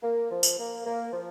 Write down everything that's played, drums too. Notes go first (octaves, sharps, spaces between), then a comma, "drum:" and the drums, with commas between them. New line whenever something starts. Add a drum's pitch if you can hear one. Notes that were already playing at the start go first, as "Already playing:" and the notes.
A#3
F3
drum: tambourine
A#3
A#3
F3